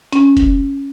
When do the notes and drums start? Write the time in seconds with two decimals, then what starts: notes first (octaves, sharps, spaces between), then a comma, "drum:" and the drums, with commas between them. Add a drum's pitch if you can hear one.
0.13 C#4, drum: hi-hat
0.37 drum: kick F1, hi-hat